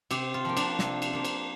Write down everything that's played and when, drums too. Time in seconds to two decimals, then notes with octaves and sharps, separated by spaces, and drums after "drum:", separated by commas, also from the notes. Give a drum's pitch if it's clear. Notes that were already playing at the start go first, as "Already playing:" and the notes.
0.11 C3 G4, drum: cymbal
0.34 F4
0.45 F3 A#3
0.57 D4, drum: cymbal
0.79 C3, drum: snare
1.02 drum: cymbal
1.13 F3 A#3
1.25 drum: cymbal